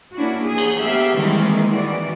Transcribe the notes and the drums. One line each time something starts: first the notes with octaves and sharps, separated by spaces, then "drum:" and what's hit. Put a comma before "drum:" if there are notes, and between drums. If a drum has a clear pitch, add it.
A#3 C#4 D4 E4 F#4
E3 G#4
drum: cymbal
A3 B3 G4 E5 F5
D#3 E3 G3 G#3 A#3 C4
D#3 E3 F#4 D5